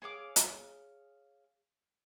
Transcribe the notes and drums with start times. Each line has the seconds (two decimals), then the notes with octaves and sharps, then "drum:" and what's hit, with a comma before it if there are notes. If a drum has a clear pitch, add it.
0.02 G#4 C#5 F5 D6
0.36 drum: hi-hat